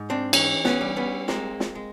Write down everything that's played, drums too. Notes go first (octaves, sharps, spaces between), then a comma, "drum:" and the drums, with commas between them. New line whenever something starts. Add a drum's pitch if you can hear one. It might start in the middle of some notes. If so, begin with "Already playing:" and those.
Already playing: G#2
C4 D4
E3 C#4 D#4, drum: cymbal
B3 C#4, drum: snare
G3
B3 C#4
G#3 A#3 C4, drum: snare
drum: snare
G#3